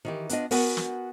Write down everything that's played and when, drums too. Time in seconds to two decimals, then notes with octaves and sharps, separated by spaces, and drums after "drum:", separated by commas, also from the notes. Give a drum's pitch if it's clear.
0.05 D#3 E3 G4
0.29 B3 D4 F4 D#5, drum: hi-hat
0.51 B3 F#4 A#4 F#5 G#5, drum: open hi-hat
0.77 drum: snare